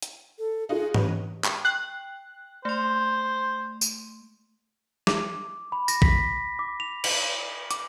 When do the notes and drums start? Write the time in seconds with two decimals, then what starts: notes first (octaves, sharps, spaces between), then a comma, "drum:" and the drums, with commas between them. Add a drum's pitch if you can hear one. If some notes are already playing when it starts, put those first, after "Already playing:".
0.02 drum: hi-hat
0.39 A4
0.69 D#4 F4 F#4 G#4
0.94 G4 B4 C#5 D#5, drum: tom G#2
1.44 drum: clap
1.65 G5 F#6
2.65 A3 C5 C6
3.81 drum: tambourine
5.07 D6, drum: snare
5.72 B5
5.88 A#6, drum: tambourine
6.02 B6, drum: kick A#1
6.59 D6
6.80 F7
7.04 F#7, drum: cymbal
7.71 D6, drum: hi-hat